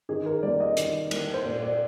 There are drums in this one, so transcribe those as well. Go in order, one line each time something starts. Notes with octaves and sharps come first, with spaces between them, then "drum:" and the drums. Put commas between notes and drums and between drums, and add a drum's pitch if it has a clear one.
D#3 G#4
A#4
G3 A#3 D5
D#5
D#3, drum: hi-hat
G3 A#3, drum: cymbal
C5
A#2 D5
D5